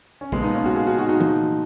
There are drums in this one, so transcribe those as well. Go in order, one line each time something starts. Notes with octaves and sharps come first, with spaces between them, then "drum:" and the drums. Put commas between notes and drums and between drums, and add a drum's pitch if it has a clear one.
C#4
A#2 F3 G#3 B3, drum: kick
B3 D#4
C#4 F4
D#4 F#4
F4 G#4
D#4 F#4
D#4 F#4
D#4 F#4
A#2 F3, drum: tom E3